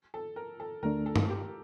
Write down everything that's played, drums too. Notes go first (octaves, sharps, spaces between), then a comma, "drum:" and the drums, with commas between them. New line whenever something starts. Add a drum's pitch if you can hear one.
A4
A#4
A4
D2 D3 A3 D4 A#4
A4
drum: tom G2
G4